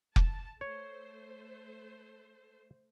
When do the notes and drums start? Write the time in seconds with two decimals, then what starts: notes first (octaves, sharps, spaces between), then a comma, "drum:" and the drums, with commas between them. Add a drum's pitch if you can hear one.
0.16 A5, drum: kick F1
0.61 A3 C5 C#5